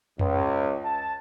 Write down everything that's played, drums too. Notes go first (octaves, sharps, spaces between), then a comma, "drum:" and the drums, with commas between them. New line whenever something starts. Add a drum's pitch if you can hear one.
C#2, drum: tom F2
A5